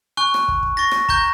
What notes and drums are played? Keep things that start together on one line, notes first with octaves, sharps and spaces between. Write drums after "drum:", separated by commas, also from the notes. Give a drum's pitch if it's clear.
G#5 C#6 F#6
drum: rim click
drum: kick
drum: kick
C#6 A6 A#6
drum: rim click
A#5 C#6 F#6 G6 A#6, drum: kick